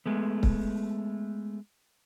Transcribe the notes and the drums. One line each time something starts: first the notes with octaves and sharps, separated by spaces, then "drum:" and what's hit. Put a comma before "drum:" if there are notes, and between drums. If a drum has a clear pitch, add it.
G#3 A3 B3
drum: kick C#1